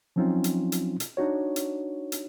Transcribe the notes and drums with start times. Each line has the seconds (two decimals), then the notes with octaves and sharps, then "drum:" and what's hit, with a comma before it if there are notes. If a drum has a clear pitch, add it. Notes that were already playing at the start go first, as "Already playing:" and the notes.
0.16 F3 F#3 C4 C#4 D#4 F4
0.44 drum: hi-hat
0.72 drum: hi-hat
1.00 drum: hi-hat
1.17 D4 D#4 F#4 C#5
1.56 drum: hi-hat
2.12 drum: hi-hat